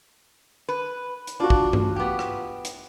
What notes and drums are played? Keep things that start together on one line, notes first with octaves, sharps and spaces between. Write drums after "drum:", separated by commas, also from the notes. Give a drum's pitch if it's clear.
B4
drum: hi-hat
D4 F4 F#4
drum: kick
drum: tom G2
B3 G4
drum: rim click
drum: hi-hat